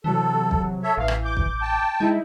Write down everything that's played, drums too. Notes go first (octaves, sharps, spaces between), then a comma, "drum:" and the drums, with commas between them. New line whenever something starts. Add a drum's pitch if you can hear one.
C3 E3 F#3 A4
drum: kick
A4 C#5 E5
A1 E3 E5 F5
drum: rim click
D6 G6
drum: kick
G5 A5
G#3 D#4 E4